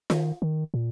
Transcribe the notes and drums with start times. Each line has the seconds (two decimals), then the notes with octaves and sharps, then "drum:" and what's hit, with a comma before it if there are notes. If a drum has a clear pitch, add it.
0.10 D#3, drum: snare F4
0.42 D#3
0.74 A#2